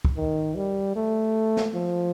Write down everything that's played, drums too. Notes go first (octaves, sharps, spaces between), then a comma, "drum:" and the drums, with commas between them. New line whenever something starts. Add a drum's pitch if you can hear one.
drum: kick
D#3
G3
A3
drum: snare
F3